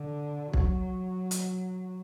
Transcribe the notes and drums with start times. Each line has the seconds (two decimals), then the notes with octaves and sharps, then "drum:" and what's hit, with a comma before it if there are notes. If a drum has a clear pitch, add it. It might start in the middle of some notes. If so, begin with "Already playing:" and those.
Already playing: D3
0.53 F#3, drum: kick
1.31 drum: hi-hat